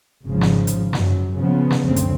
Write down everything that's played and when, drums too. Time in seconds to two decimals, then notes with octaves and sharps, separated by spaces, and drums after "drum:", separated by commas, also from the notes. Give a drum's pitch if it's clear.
0.25 G#1 C#3 F3
0.41 drum: snare
0.67 drum: hi-hat
0.93 F#2, drum: snare
1.36 C#3 F3 B3
1.70 drum: snare
1.86 F#1 D2 C#3 C4
1.96 drum: hi-hat